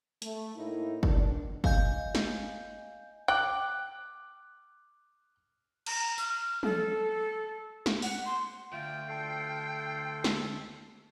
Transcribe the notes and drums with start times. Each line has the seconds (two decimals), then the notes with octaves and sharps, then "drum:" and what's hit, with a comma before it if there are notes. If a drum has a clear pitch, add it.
0.22 A3, drum: hi-hat
0.55 A2 A#3 D#4 E4
1.03 E2 D#3 D4, drum: kick
1.64 D#5 F5 G#5 G6, drum: kick
2.15 drum: snare
3.28 G5 D6 F#6
5.86 A#5, drum: cymbal
6.18 F6, drum: tambourine
6.63 A4, drum: tom
7.86 drum: snare
8.02 F#5, drum: open hi-hat
8.25 C6
8.73 D2 F4 G5
9.09 F4 A4 C6
10.24 drum: snare